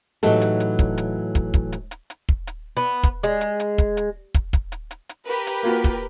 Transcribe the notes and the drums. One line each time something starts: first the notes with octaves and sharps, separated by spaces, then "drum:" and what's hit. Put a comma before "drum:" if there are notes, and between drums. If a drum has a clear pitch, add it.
A2 E3 F#3 D#4 G4 A4, drum: hi-hat
drum: hi-hat
drum: hi-hat
drum: kick, hi-hat
drum: hi-hat
drum: kick, hi-hat
drum: kick, hi-hat
drum: hi-hat
drum: hi-hat
drum: hi-hat
drum: kick
drum: hi-hat
B3
drum: kick, hi-hat
G#3, drum: hi-hat
drum: hi-hat
drum: hi-hat
drum: kick, hi-hat
drum: hi-hat
drum: kick, hi-hat
drum: kick, hi-hat
drum: hi-hat
drum: hi-hat
drum: hi-hat
G4 A#4 B4
drum: hi-hat
A#3 F4 F#4
drum: kick, hi-hat